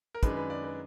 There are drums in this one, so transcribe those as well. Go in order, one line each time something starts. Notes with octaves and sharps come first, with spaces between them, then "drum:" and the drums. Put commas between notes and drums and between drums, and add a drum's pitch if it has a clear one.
A#4
F#2 D#3 G#3 D4 B4, drum: kick, hi-hat
B4
D5
B4